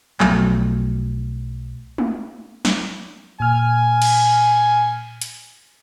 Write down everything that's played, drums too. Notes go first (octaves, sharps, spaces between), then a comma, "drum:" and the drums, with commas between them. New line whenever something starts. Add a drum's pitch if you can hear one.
B1 F3 F#3 A3, drum: clap
drum: tom G#3
drum: snare
A#2 G#5 F6
drum: cymbal
drum: hi-hat